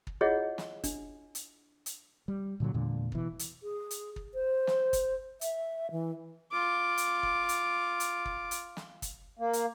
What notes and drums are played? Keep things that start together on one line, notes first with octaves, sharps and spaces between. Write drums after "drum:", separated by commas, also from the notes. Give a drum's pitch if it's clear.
drum: kick
E4 F4 G#4 C#5 D#5 F#5
drum: snare
D4, drum: kick, hi-hat
drum: hi-hat
drum: hi-hat
G3
A#2 D3 F3 F#3
E2 A#2 D3 G#3
B2 E3, drum: kick
drum: hi-hat
G#4
drum: hi-hat
drum: kick
C5
drum: snare
drum: kick, hi-hat
E5, drum: hi-hat
E3
F4 D6
drum: hi-hat
drum: kick
drum: hi-hat
drum: hi-hat
drum: kick
drum: hi-hat
drum: snare
drum: kick, hi-hat
A#3
drum: hi-hat